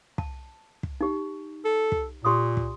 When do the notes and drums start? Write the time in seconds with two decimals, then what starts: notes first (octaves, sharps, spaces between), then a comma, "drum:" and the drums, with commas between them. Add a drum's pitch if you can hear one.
0.18 A5, drum: kick
0.83 drum: kick
1.01 D#4 G4
1.65 A4
1.92 drum: kick
2.25 A#2 G4 C6 D#6
2.57 drum: kick